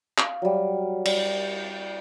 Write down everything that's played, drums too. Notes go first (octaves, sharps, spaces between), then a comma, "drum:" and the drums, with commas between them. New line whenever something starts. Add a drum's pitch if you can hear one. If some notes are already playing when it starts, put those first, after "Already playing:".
F5, drum: clap
F#3 G3
G3, drum: cymbal